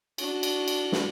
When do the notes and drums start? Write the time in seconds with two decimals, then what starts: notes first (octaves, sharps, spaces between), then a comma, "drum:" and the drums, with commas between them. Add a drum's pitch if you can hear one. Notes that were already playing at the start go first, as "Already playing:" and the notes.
0.18 D4 F#4, drum: cymbal
0.43 drum: cymbal
0.68 drum: cymbal
0.92 drum: snare